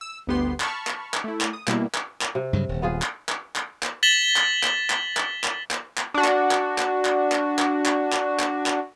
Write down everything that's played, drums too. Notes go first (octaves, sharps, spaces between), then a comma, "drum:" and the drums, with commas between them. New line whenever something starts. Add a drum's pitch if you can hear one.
E6
G1 D2 B3 G4 C6 C7
A5 B5 C#6 F6, drum: clap
drum: clap
drum: clap
A3 E4
drum: clap
D#6
B2 G3 A#3 E4, drum: clap
drum: clap
drum: clap
C3
G2 C#3 F#3
D#1
B3 F4 G#4
drum: clap
drum: clap
drum: clap
drum: clap
A6 B6 E7 F#7 G7
drum: clap
drum: clap
drum: clap
drum: clap
drum: clap
drum: clap
drum: clap
D4 F#4
drum: clap
drum: clap
drum: clap
drum: clap
drum: clap
drum: clap
drum: clap
drum: clap
drum: clap
drum: clap